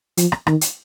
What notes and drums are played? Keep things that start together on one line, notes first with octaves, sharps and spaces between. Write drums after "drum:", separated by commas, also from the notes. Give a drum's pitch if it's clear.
F3, drum: hi-hat
drum: rim click
D#3, drum: rim click
drum: hi-hat